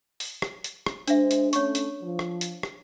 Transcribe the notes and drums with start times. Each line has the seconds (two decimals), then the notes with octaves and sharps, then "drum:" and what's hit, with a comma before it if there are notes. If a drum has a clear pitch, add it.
0.20 drum: open hi-hat
0.42 drum: rim click
0.64 drum: hi-hat
0.86 drum: rim click
1.08 G#3 D4 C5 E5, drum: hi-hat
1.31 drum: hi-hat
1.53 A3 C#4 C#5 C#6, drum: hi-hat
1.75 drum: hi-hat
2.03 F3
2.19 drum: rim click
2.41 drum: hi-hat
2.63 drum: rim click